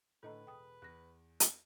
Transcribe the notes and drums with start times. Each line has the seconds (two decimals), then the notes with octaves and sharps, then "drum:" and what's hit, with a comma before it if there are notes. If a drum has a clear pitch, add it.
0.23 A2 D3 A3 A4 B4 D#5 A#5
0.47 E1 G5 D#6
0.82 E2 F#6 A#6
1.40 drum: hi-hat